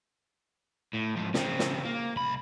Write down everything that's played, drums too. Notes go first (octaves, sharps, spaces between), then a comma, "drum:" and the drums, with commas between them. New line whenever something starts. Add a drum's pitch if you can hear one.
A2
G#2 F3
C#3 C4, drum: snare
drum: snare
A#3
C2 B5